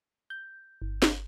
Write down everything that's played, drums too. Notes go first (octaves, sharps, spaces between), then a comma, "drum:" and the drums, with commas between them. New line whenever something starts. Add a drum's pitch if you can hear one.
G6
G1
drum: snare